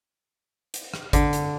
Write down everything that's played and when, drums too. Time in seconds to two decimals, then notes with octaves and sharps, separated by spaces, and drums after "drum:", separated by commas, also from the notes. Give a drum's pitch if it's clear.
0.74 drum: hi-hat
0.94 drum: rim click
1.13 D3, drum: kick G#1, hi-hat
1.33 drum: hi-hat